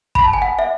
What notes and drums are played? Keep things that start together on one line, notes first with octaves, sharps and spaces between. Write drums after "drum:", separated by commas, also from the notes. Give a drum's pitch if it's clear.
B5, drum: kick
A5
G#5
F#5
E5